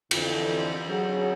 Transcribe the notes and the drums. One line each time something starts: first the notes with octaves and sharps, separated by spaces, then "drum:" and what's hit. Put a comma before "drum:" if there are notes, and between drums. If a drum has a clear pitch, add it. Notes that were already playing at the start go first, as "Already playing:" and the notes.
F2 D3 E3, drum: cymbal
F#3 F#4 G#4